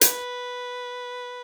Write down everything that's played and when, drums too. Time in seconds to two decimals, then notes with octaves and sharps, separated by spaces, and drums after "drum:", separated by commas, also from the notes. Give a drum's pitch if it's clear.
0.01 B4, drum: hi-hat